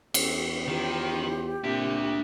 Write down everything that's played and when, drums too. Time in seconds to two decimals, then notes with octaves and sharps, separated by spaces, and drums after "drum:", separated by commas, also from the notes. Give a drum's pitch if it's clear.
0.14 E2 A4, drum: cymbal
0.68 D#3 F4 G4
1.64 A#2 C4 D4 E5